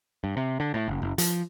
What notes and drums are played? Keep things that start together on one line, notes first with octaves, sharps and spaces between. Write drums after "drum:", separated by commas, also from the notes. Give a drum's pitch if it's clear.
G2
C3
D3
A2
F#1
F#1
F3, drum: hi-hat